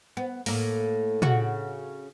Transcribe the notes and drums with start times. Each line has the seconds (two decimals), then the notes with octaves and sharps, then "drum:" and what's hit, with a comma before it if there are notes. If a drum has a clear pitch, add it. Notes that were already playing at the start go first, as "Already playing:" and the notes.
0.17 B3
0.46 A2 A#3, drum: open hi-hat
1.22 C#3 F#4, drum: tom